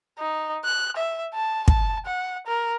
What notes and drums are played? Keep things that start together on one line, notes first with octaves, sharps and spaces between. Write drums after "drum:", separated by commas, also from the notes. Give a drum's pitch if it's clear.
D#4
F#6
E5
A5
A5, drum: kick
F#5
A#4